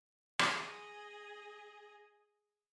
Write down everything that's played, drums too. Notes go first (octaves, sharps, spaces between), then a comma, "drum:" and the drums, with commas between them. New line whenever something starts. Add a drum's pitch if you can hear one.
G#4 D#5 G#5, drum: rim click